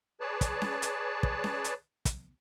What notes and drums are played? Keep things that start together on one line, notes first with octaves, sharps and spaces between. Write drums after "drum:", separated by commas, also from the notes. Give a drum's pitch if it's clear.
G#4 B4 C#5 D5 A5
drum: kick, hi-hat
drum: snare C#4
drum: hi-hat
drum: kick
drum: snare C#4
drum: hi-hat
drum: kick, hi-hat